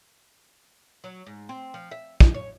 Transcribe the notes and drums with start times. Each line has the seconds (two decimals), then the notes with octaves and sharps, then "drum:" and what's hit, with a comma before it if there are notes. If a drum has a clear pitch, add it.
1.04 F#3
1.26 G#2
1.49 C4
1.74 F3
1.91 E5
2.21 D#4, drum: kick
2.34 C#5